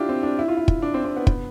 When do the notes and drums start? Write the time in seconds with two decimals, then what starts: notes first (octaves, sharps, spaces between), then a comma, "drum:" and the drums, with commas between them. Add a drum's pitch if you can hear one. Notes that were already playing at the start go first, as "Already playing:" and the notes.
Already playing: D4 E4 F4 G4
0.09 C4
0.23 D4
0.39 E4
0.48 F4
0.57 E4
0.68 drum: kick
0.82 D4
0.94 C4
1.05 C4
1.17 B3
1.27 B3, drum: kick